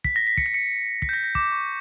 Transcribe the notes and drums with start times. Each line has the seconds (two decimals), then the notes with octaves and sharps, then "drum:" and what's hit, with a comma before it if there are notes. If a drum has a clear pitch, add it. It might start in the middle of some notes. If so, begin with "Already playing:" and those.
0.05 B6, drum: kick
0.16 A#6
0.27 B6
0.37 C#7, drum: kick
0.46 B6
0.54 C#7
1.02 B6, drum: kick
1.09 G6
1.13 A#6
1.24 A#6
1.35 D6, drum: kick
1.52 C#6